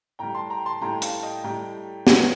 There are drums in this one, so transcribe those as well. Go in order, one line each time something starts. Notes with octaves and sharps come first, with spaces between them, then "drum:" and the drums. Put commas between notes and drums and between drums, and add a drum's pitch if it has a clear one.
A2 G3 G5 A#5
A5 C6
G5 A#5
A5 C6
A2 G3 G5 A#5
F5 A5, drum: hi-hat
D#5 G5
A2 G3 G5 A#5
A2 G3 D#5 G5, drum: snare